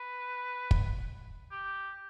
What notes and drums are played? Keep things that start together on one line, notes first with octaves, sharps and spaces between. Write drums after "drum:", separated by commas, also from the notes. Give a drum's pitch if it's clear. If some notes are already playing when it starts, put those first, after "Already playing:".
Already playing: B4
drum: kick
G4